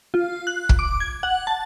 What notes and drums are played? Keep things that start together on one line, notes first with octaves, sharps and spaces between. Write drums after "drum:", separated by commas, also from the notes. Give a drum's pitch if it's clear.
F4
F#6
drum: kick
D6
G#6
F#5
A5